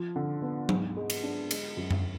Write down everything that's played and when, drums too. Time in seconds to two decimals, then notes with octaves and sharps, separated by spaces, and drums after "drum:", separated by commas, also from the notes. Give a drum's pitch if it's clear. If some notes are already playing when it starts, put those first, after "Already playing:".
Already playing: F3
0.16 D3
0.42 B3
0.69 G#2, drum: tom F#3
0.97 G#3
1.10 drum: cymbal
1.23 D4
1.51 G#3, drum: cymbal
1.77 F#2
1.91 drum: tom F#2